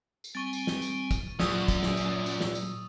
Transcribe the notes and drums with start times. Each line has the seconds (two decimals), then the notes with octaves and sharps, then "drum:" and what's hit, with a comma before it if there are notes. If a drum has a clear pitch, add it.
0.24 drum: tambourine
0.35 G3 C4 G#5 C#6 A6
0.53 drum: tambourine
0.67 drum: snare
0.82 drum: tambourine
1.11 drum: kick, tambourine
1.40 F#2 A#2 F#3 F4 D5 D#6 E6, drum: snare
1.68 drum: kick, tambourine
1.83 drum: snare
1.97 drum: tambourine
2.26 drum: tambourine
2.41 drum: snare
2.55 drum: tambourine